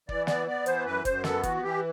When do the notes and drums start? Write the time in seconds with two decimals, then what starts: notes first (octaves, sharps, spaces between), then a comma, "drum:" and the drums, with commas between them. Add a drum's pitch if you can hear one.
0.09 E3 D5, drum: kick
0.27 B3 D5, drum: snare
0.47 B3 D5
0.66 E3 C5, drum: hi-hat
0.85 F#2 B4
1.05 F#2 C5, drum: kick, hi-hat
1.24 B3 A4, drum: snare
1.43 E3 F#4, drum: kick, hi-hat
1.62 E3 G4